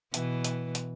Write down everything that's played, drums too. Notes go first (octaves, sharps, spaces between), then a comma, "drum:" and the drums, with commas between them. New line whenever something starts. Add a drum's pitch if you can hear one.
B2 E3, drum: hi-hat
drum: hi-hat
drum: hi-hat